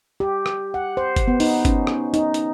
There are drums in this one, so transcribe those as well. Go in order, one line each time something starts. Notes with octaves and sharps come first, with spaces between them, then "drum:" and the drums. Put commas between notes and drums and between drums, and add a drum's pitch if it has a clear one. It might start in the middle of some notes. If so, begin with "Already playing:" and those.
G4
drum: rim click
F#5
C5
drum: kick G1, hi-hat
B3
D#4, drum: open hi-hat
C#4, drum: kick G1, hi-hat
drum: rim click
D#4, drum: hi-hat
drum: hi-hat